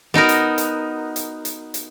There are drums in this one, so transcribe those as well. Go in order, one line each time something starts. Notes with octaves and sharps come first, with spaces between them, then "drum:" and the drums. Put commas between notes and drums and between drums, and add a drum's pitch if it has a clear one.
B3 D#4 F#4 A#4
drum: hi-hat
drum: hi-hat
drum: hi-hat
drum: hi-hat
drum: hi-hat